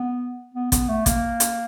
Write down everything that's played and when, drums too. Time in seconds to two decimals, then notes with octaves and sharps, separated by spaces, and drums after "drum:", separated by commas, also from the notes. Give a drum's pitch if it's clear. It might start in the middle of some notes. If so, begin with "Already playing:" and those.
Already playing: B3
0.55 B3
0.72 B3, drum: kick, hi-hat
0.89 A3
1.06 A#3, drum: kick, hi-hat
1.40 drum: hi-hat